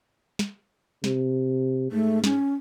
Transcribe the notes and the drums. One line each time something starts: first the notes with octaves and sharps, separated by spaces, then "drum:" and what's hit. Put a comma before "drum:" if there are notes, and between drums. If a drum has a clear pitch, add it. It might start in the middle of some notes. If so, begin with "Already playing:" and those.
drum: snare
C3, drum: snare
G#2 A3
C#4, drum: snare